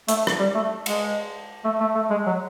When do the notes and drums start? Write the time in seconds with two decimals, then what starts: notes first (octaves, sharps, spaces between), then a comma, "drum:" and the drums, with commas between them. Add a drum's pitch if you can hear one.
0.09 A3, drum: hi-hat
0.27 drum: rim click
0.40 G3
0.55 A3
0.86 G#3, drum: cymbal
1.65 A3
1.80 A3
1.95 A3
2.11 G#3
2.27 F#3